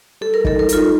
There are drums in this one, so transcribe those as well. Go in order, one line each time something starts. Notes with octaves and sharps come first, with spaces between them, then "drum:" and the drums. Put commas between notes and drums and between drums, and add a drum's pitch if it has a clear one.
G3 A4
A#4
D#4 A4, drum: kick
A#4
D#4 F4 A4, drum: hi-hat